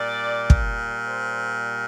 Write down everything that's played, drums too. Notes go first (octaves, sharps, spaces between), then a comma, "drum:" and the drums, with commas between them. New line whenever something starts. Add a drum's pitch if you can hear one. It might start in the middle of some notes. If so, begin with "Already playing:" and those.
Already playing: A#2 G3 D5
drum: kick
C5